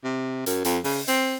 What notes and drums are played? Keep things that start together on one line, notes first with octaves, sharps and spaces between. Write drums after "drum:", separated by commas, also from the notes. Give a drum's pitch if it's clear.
C3
F#2, drum: hi-hat
F2, drum: hi-hat
C#3, drum: open hi-hat
C4, drum: hi-hat